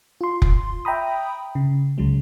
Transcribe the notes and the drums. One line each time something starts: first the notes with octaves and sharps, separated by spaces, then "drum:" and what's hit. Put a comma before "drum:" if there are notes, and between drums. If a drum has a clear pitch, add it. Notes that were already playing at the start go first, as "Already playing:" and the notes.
F4 C6
drum: kick F1
E5 G5 A#5 B5 D#6
C#3
C#2 C#3 F#3 G#3